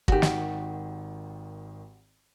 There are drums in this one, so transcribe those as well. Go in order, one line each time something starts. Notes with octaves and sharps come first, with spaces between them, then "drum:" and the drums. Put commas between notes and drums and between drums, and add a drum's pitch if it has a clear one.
G#1 D#3 F#4 G4, drum: kick
drum: snare